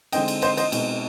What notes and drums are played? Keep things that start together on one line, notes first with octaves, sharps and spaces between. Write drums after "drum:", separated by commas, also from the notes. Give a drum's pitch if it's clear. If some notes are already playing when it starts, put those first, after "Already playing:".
D3 G#3 C4 D#4 D#5 G5, drum: cymbal
drum: cymbal
C5 D#5, drum: cymbal
C5 D#5, drum: cymbal
B2 G#3 C4 D#4, drum: cymbal